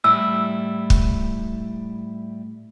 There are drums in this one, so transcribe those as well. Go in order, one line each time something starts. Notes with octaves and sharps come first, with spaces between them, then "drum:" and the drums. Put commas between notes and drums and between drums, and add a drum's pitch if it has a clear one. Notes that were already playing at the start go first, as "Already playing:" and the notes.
A2 G3 E4 E6
drum: kick